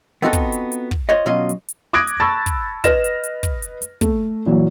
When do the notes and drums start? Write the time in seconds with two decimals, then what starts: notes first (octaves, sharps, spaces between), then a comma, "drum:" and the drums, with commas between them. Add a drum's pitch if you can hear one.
0.22 B3 C4 D#4 F4 F#4 A4
0.33 drum: kick, hi-hat
0.52 drum: hi-hat
0.72 drum: hi-hat
0.91 drum: kick
1.09 F4 C5 C#5 D#5
1.26 B2 F#3 C#4 F4 D#5
1.49 drum: hi-hat
1.69 drum: hi-hat
1.93 D6 D#6 F#6 G#6 A#6 D7
2.07 drum: hi-hat
2.20 A5 B5 C#6 E6 A6
2.46 drum: kick, hi-hat
2.84 B4 D#5 F6 A#6 E7, drum: kick, hi-hat
3.04 drum: hi-hat
3.24 drum: hi-hat
3.43 drum: kick, hi-hat
3.62 drum: hi-hat
3.82 drum: hi-hat
4.01 A3, drum: kick, hi-hat
4.46 A#2 E3 F#3